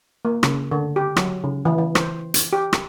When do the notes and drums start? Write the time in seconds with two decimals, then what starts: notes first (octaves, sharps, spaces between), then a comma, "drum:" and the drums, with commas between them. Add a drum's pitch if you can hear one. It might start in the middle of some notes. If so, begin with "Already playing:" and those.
0.25 A#3
0.43 C#3, drum: rim click
0.71 D3
0.96 G4
1.16 F#3, drum: rim click
1.44 C#3
1.65 E3
1.78 E3
1.95 C5, drum: rim click
2.34 drum: hi-hat
2.53 G4
2.73 drum: rim click